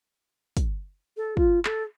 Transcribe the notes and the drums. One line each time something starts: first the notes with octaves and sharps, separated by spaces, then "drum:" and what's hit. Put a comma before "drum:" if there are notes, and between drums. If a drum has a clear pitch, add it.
drum: kick, hi-hat
A4
F4, drum: kick
A4, drum: clap